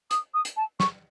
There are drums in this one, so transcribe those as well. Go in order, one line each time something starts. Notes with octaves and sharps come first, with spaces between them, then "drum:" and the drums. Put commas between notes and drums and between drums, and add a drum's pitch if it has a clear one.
D#6, drum: hi-hat
D#6
drum: hi-hat
A5
C#6, drum: snare